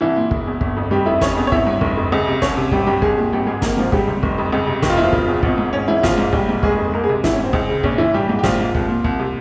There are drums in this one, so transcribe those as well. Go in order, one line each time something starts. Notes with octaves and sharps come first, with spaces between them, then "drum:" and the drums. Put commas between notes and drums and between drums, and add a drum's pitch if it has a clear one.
C2 E3 E4
A#2
E1, drum: kick
E2
G1, drum: kick
F2
F1 G3 G4
F2 E4 E5
F1 C#4 C#5, drum: snare
E2
C#5
G#1 E4 E5, drum: kick
G2
F1, drum: kick
F2
C#2
C3
C2 C#4 C#5, drum: snare
C3
G#1 G3 G4, drum: kick
G2 G3 G4
C2 G#3 G#4, drum: kick
A#2
G#1 G3 G4
G#2 G#3 G#4
G#1 A#3 A#4, drum: snare
G#2 F3 F4
C#2 G3 G4, drum: kick
C3
F1, drum: kick
F2
C#2
C3
F1 G4, drum: snare
F4
E2 E4
F3 F4
E1, drum: kick
E2
G#1, drum: kick
G#2
G#1 C#4
G#2 E3 E4
A#1 F3 F4, drum: snare
G#2
A#1 G3 G4, drum: kick
G#2
F1 G#3 G#4, drum: kick
F2
C2 A#3 A#4
G#3 G#4
C3
G#1 E3 E4, drum: snare
C#4
G#2
C4
C#2, drum: kick
C#3
A#1 C#4, drum: kick
A#2 E3 E4
A#1 G3 G4
G#2
G4
A#1 F3 F4, drum: snare
G#2
C2, drum: kick
A#2
C2, drum: kick
C3